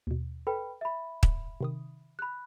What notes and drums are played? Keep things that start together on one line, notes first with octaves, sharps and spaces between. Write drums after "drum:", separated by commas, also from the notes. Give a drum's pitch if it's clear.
D#2 B2
A4 B4 G5 B5
E5 B5
drum: kick
C3 D#3 D#6
B5 F#6